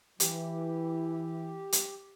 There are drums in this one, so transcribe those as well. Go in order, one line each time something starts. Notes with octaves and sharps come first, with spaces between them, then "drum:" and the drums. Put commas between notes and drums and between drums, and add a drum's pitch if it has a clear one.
E3 G4, drum: hi-hat
drum: hi-hat